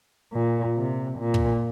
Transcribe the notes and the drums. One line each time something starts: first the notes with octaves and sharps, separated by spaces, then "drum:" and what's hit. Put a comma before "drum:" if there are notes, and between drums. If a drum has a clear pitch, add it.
A#2
C3
A#2
drum: kick